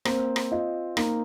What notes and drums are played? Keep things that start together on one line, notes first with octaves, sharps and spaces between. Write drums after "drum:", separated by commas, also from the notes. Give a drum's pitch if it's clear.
A#3 C4, drum: rim click
drum: rim click
F4 D#5
A#3 D#4, drum: rim click